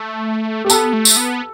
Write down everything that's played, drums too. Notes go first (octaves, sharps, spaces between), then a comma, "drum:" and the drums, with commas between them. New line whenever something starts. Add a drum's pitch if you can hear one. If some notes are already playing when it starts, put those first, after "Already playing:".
Already playing: A3
A3 G4
B3 A4, drum: tambourine
A3
drum: tambourine
B3